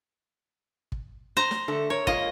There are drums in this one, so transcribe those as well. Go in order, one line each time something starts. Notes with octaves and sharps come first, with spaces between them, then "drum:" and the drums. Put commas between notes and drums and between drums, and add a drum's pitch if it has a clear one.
drum: kick
C5 A#5
drum: snare
D3 A3 A4
A#4 C#5
G#3 A#3 F4 D#5, drum: kick